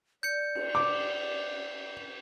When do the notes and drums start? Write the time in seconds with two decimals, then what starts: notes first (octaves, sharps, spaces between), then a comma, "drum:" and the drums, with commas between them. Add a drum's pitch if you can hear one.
0.23 D5 G6 C#7
0.55 drum: cymbal
0.75 D6